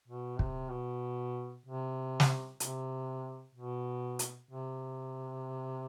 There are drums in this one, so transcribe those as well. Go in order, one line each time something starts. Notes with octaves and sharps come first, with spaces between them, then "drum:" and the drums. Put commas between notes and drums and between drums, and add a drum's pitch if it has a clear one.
B2
C3, drum: kick
B2
C3
drum: snare
C3, drum: hi-hat
B2
drum: hi-hat
C3